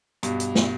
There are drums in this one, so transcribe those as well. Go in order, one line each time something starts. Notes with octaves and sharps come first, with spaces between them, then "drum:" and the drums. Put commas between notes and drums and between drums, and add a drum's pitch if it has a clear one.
G2 B2, drum: hi-hat
drum: hi-hat
B2, drum: snare